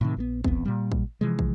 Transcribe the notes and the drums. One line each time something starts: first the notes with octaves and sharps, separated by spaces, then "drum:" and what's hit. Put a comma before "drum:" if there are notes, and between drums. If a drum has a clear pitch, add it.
A2 C3 D#3
A#1 E3 B3
D#1 E2 B3 C4, drum: kick
A#2 G3
drum: kick
C3 E3 F3 G#3
drum: kick